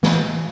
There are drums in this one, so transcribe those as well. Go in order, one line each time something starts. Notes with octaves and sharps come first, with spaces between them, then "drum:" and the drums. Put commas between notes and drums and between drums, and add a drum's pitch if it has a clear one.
E3, drum: snare